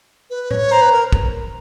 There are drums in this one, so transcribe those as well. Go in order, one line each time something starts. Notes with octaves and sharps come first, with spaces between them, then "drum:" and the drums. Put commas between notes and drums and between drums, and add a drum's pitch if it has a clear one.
B4
C#5, drum: tom A2
C5 A#5
B4
A#4
drum: kick